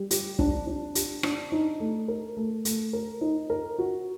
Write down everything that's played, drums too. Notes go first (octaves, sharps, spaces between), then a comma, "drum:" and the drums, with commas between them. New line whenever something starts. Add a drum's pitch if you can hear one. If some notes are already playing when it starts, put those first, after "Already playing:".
Already playing: G3
G4, drum: hi-hat
D4, drum: kick
D4
G4, drum: hi-hat
D4, drum: rim click
D#4
A3
A#4
A3
A3, drum: hi-hat
A#4
D#4
A#4
F#4